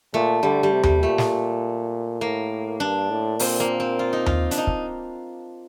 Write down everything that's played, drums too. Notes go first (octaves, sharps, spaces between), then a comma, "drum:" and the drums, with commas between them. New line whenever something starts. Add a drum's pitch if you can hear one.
A#2 A3
D3 G3
G3
C3
G3, drum: tom D#2
A#2 A3
drum: snare
A2 A#3
G2 D4
A2
A#2 C4, drum: open hi-hat
A#3
C4
F4
D#4
F4, drum: tom D#2
D4, drum: hi-hat
D#4
drum: kick